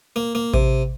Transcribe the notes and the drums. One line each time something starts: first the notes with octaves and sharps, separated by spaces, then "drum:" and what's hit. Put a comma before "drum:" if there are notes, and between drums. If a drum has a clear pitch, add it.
A#3
A#3
C3, drum: kick A1